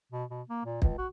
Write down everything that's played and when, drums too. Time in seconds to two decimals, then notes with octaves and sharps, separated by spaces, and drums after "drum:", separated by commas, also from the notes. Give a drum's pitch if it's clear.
0.12 B2
0.30 B2
0.49 A#3
0.65 A#2
0.82 C#2, drum: kick
0.98 F#4